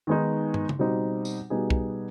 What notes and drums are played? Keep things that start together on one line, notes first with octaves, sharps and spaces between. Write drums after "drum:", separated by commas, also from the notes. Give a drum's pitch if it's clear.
D#3 G#3 B3 D#4
drum: tom
drum: tom C#3
B2 G3 C4 D#4
drum: tambourine
B2 G3 B3 D#4 G#4
drum: kick